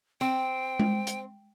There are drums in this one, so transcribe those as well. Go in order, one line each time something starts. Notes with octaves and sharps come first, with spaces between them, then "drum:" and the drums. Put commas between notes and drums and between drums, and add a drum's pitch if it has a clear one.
C4 G5
drum: tom G#3
drum: hi-hat